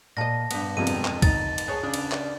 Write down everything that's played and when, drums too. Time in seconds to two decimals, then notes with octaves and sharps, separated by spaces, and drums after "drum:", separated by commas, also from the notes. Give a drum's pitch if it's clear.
0.17 A#2 D#5 A5 A#6
0.51 G2 B3, drum: cymbal
0.77 E1 F2 C3 D#7
0.87 drum: cymbal
1.05 drum: clap
1.22 D#4 D#5 A6, drum: kick C2, cymbal
1.58 drum: cymbal
1.68 B3 G#4 C#5 A5
1.83 C#3 D4 D#6
1.94 drum: cymbal
2.11 drum: clap